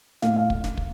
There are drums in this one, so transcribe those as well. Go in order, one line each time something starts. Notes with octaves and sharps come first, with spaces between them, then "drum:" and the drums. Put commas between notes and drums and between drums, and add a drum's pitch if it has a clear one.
A2 F5, drum: snare
F5
drum: kick
drum: snare
drum: kick